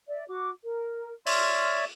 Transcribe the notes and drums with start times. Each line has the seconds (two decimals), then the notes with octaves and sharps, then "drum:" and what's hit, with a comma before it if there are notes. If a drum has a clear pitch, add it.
0.07 D5 E5
0.29 F#4 D6
0.63 A#4
1.26 C#5 D5 E5 C6 F6, drum: open hi-hat